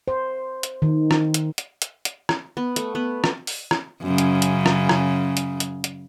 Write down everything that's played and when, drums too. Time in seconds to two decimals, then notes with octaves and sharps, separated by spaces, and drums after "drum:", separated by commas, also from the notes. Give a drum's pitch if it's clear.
0.08 C5
0.63 drum: hi-hat
0.82 D#3
1.11 drum: rim click
1.34 drum: hi-hat
1.58 drum: hi-hat
1.82 drum: hi-hat
2.05 drum: hi-hat
2.29 drum: rim click
2.57 B3
2.76 A3, drum: hi-hat
2.95 B3
3.24 drum: rim click
3.47 drum: open hi-hat
3.71 drum: rim click
4.03 F#2 C#3
4.18 drum: hi-hat
4.42 drum: hi-hat
4.66 drum: rim click
4.89 drum: rim click
5.37 drum: hi-hat
5.60 drum: hi-hat
5.84 drum: hi-hat